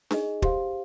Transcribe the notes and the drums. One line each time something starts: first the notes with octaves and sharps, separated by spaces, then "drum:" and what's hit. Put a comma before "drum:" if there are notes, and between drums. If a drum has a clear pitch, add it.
D#4 G#4 D#5, drum: snare D4
G4 C5 F5, drum: kick